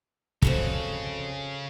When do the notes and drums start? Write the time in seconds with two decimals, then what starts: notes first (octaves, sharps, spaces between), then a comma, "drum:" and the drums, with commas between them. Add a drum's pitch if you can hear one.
0.42 F2 C#3 F#4 A4, drum: kick